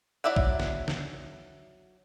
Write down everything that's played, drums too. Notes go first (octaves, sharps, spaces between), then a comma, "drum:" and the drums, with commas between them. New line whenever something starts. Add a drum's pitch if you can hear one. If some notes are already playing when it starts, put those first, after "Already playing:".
F#3 E4 D5 E5 F#5
drum: kick
drum: snare
drum: snare